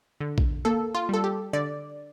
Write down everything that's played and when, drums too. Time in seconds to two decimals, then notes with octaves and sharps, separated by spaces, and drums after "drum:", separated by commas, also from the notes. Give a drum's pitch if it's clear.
0.20 D3
0.38 drum: kick A#1
0.65 A#3 A4
0.95 F4
1.09 G3 A4
1.24 G4
1.53 D3 D5